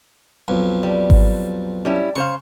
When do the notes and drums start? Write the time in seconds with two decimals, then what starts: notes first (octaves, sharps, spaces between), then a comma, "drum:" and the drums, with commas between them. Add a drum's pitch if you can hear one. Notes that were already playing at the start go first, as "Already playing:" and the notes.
0.48 B1 F2
0.83 G3
1.10 drum: kick G#1
1.85 G3 C#4 E4
2.16 C#3 C5 F5 C#6